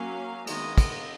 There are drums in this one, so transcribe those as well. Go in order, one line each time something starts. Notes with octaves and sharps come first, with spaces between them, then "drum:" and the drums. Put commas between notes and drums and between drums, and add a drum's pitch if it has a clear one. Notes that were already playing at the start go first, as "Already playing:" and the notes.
Already playing: F#3 A#3 C#4 F5
D#3 G#3 B3 D#5, drum: cymbal
drum: kick, cymbal